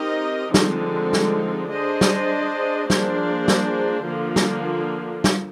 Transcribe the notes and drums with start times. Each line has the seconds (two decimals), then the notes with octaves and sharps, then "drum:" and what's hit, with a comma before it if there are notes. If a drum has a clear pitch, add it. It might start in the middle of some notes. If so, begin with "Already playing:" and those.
Already playing: C4 D#4 G4 A#4 D#5
0.54 D3 F3 G#3 C4 D#4, drum: snare
1.13 drum: snare
1.72 D4 G#4 C5 D#5
2.01 drum: snare
2.90 F3 A#3 D4 G#4 C5, drum: snare
3.48 drum: snare
4.07 D3 F3 A#3 F4
4.36 drum: snare
5.24 drum: snare